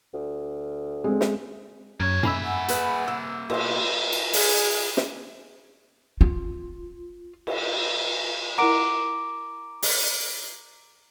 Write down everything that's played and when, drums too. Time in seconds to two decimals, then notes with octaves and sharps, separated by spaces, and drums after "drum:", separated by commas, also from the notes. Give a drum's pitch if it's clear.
0.14 D2
1.04 G#3 C4
1.21 drum: snare
2.00 F#2 A#2 C#5
2.23 A#3 E5 G#5 B5 E6, drum: tom F#2
2.44 F#5
2.68 G#4 B4, drum: hi-hat
3.08 C3 E6
3.50 B2 B3 C6, drum: cymbal
4.12 drum: cymbal
4.33 G#4, drum: open hi-hat
4.97 drum: snare
6.21 F4
7.47 drum: cymbal
8.58 E4 A#4 F#5 A#5 D6 D7
9.83 drum: open hi-hat